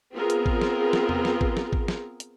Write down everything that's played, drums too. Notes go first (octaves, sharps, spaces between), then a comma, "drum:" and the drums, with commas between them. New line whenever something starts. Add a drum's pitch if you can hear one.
B3 C4 F4 G#4 A#4
drum: hi-hat
drum: kick
drum: snare
drum: snare
drum: tom E2
drum: snare
drum: kick
drum: snare
drum: kick
drum: snare
drum: hi-hat